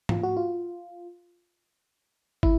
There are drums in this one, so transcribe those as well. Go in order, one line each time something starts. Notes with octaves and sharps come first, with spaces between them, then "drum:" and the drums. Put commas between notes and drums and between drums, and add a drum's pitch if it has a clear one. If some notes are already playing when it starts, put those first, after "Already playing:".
F4, drum: tom G#2
F#4
F4
E4, drum: kick